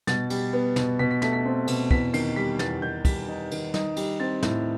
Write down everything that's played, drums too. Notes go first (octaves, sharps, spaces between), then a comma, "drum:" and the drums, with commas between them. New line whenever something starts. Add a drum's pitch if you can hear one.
B2 A6, drum: snare
G3, drum: cymbal
B3
B2, drum: snare
B2 B6
B6
A3 B6, drum: snare
B6
C4
B2, drum: cymbal
E2 B6, drum: kick
D#3 C7, drum: cymbal
G3 B6
E2 A6, drum: snare
D#3 G6
G3 B6, drum: kick, cymbal
D#4
D#3, drum: cymbal
D#4, drum: snare
G3, drum: cymbal
C4 A6
A2, drum: snare